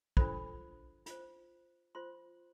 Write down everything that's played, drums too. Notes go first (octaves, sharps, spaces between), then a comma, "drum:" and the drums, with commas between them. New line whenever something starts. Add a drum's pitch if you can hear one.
D4 F4 A4 C5 B5, drum: kick
F4 C5, drum: hi-hat
F4 C5 C6